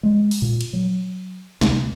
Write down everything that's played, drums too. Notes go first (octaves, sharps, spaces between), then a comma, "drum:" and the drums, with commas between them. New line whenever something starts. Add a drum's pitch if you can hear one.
G#3
drum: open hi-hat
A#2
drum: cymbal
F#3
D2 C3, drum: snare